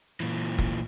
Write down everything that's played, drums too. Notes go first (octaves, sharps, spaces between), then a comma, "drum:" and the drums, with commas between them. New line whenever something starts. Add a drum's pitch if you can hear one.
A#2 E3
drum: kick